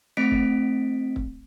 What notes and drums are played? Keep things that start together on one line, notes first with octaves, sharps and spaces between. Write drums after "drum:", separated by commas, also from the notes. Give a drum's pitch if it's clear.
A3 C4 D#5 B6 D7
drum: kick
drum: kick